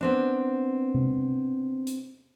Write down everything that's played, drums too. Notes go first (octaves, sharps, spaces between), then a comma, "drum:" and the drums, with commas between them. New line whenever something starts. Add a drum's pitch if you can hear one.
B3 C4 D4
drum: tom C3
drum: hi-hat